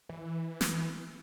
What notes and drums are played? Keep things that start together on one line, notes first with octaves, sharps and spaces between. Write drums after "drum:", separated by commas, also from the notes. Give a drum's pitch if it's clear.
E3
drum: snare